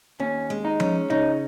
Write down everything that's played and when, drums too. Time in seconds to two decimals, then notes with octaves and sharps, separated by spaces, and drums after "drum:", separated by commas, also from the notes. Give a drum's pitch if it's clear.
0.20 D#2 C#4
0.50 G#3
0.65 D#4
0.80 C#4, drum: tom F3
1.10 C#3 D#4